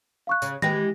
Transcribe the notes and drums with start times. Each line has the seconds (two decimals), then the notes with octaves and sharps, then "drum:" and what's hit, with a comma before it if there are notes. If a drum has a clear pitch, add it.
0.27 F5 C#6 F#6
0.42 C#3, drum: tambourine
0.62 E3 G#3 G4 A#6, drum: tom D#3